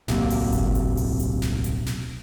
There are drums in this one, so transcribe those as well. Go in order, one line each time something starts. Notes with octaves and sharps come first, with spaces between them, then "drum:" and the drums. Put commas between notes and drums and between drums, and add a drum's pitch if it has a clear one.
D1 B1 C3 A#3, drum: snare
drum: open hi-hat
drum: kick G1, hi-hat
drum: hi-hat
drum: open hi-hat
drum: hi-hat
drum: snare
drum: hi-hat
drum: snare